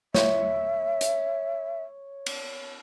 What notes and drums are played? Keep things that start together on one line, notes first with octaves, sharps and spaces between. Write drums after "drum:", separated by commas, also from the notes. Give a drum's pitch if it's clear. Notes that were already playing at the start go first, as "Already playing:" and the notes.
C#5 E5, drum: snare
drum: hi-hat
drum: cymbal